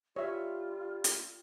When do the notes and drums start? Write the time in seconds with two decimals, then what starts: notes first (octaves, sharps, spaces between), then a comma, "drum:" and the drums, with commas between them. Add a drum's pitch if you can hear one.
0.16 G3 F4 C#5 E5
1.04 drum: hi-hat